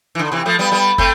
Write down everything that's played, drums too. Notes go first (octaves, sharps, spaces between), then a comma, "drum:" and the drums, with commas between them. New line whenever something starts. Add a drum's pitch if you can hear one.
E3
D3
C3 E3
F3 A3
G3 B3
G3 B3
A3 C4, drum: kick